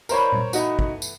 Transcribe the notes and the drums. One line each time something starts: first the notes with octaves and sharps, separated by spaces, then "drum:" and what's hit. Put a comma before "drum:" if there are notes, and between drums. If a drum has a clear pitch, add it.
G3 E4 A#4 C5 C#5, drum: tambourine
drum: tom A#2
E3 A3 B3 D#4 F#4, drum: tambourine
drum: kick
drum: tambourine